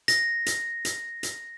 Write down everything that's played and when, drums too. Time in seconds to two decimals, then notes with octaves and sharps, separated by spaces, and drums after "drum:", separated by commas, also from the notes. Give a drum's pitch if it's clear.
0.08 A#6, drum: hi-hat
0.46 drum: hi-hat
0.85 drum: hi-hat
1.23 drum: hi-hat